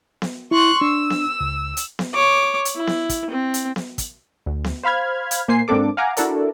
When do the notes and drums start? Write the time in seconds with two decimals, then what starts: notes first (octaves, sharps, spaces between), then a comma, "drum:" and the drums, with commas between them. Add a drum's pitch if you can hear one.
0.22 drum: snare B3
0.51 E4 C6 C#6 F#6
0.81 D4 E6
1.10 drum: snare B3
1.41 C#2
1.77 drum: hi-hat
1.99 drum: snare B3
2.14 C#5 D6
2.65 drum: hi-hat
2.76 E4
2.87 drum: snare B3
3.09 drum: kick, hi-hat
3.30 C4
3.54 drum: hi-hat
3.76 drum: snare B3
3.98 drum: kick, hi-hat
4.46 D2
4.64 drum: snare B3
4.83 C5 F5 B5 F6 G#6
5.31 drum: hi-hat
5.48 A#2 A#3 C5 G#5 C7
5.68 G#2 A#3 C4 D4 A4 D6
5.97 F5 F#5 G#5 A#5 D6
6.17 D4 E4 F#4 A4 A#4 D5, drum: hi-hat